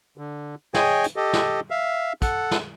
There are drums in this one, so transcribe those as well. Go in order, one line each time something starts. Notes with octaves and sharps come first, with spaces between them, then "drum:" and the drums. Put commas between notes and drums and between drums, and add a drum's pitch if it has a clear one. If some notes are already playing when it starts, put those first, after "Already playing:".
D3
G#4 C#5 D#5 G5 G#5, drum: snare
drum: hi-hat
G4 A4 D#5
drum: snare
E5 F5
A4 F#5, drum: kick, hi-hat
drum: snare